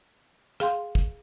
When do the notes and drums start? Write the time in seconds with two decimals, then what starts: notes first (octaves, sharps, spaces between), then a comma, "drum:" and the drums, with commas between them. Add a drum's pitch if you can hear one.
0.60 G#4 F5 G5 C6, drum: rim click
0.95 drum: kick